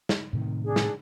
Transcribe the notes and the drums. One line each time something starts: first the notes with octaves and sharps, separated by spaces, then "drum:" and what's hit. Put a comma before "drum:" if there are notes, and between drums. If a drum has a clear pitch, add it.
drum: snare
A2 C3 D#3
D4 G#4
drum: snare